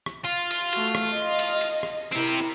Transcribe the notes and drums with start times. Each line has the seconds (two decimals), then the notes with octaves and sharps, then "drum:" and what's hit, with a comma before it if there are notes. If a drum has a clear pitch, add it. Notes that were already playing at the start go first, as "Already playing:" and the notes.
0.06 drum: rim click
0.25 F4
0.51 drum: cymbal
0.73 A3 F#4, drum: cymbal
0.95 drum: rim click
1.12 D#5
1.39 drum: cymbal
1.61 drum: cymbal
1.83 drum: rim click
2.12 C4 E4 G4 A#4
2.27 drum: cymbal